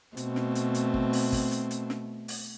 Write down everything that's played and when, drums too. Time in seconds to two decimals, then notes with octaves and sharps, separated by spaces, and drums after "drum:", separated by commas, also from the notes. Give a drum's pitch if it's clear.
0.17 B2 A3 C4, drum: hi-hat
0.36 drum: snare
0.55 drum: hi-hat
0.75 drum: hi-hat
0.94 drum: kick
1.13 drum: open hi-hat
1.32 drum: kick, open hi-hat
1.51 drum: hi-hat
1.71 drum: hi-hat
1.90 drum: snare
2.28 drum: open hi-hat